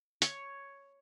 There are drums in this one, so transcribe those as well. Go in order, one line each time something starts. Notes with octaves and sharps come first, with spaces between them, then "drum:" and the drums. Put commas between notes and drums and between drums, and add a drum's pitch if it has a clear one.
C#5, drum: hi-hat